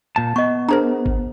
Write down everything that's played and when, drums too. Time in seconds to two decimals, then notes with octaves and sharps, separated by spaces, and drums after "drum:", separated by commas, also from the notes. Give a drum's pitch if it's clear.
0.16 A#2 A5
0.36 B3 D#5 C#6
0.69 D4 G#4 A#4 C5 A#5
1.06 drum: kick G1